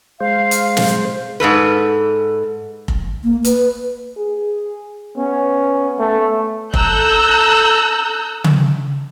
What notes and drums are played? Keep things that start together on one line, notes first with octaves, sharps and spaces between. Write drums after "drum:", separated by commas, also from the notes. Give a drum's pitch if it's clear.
G#3 C5 F5
drum: hi-hat
drum: snare
G#2 C3 A4 B4
drum: kick F1
A#3
B4, drum: hi-hat
G#4
B3 C#4
A3
A4 A#5 E6 F#6 G6, drum: kick F1
drum: tom C#3